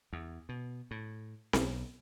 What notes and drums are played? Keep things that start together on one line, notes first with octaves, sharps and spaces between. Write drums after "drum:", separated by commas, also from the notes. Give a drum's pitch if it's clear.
E2
B2
A2
B1, drum: snare C4